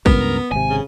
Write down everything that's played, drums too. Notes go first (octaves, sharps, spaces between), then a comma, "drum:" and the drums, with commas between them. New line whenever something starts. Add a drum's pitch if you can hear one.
C#2 G2 B3 A#4, drum: kick
G#1 C3 G#5
C#3